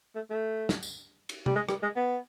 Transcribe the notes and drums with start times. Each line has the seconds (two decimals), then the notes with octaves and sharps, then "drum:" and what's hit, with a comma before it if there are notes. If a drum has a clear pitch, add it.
0.15 A3
0.30 A3
0.69 drum: snare
0.83 drum: tambourine
1.29 drum: cymbal
1.46 G3, drum: tom
1.56 G#3
1.69 G3, drum: rim click
1.83 G#3
1.96 B3